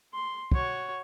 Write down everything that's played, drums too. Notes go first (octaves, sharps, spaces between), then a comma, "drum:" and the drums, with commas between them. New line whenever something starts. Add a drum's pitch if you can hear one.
C6
F#4 C#5, drum: kick